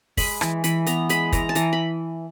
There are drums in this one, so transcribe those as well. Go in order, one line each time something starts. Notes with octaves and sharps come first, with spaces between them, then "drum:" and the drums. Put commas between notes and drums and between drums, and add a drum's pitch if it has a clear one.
G#3 B5, drum: kick, open hi-hat
E3, drum: rim click
E3 B5, drum: hi-hat
B3 A#5, drum: hi-hat
G#3 B5, drum: hi-hat
E3 A#5, drum: kick, hi-hat
A5
E3 A#5, drum: hi-hat
B5